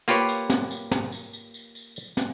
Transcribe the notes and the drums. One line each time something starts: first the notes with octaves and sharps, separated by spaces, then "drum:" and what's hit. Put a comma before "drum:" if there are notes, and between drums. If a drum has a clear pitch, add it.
A#3 F4 G4 B4 C#5, drum: tambourine
drum: tambourine
drum: snare
drum: tambourine
drum: snare
drum: tambourine
drum: tambourine
drum: tambourine
drum: tambourine
drum: tambourine
drum: snare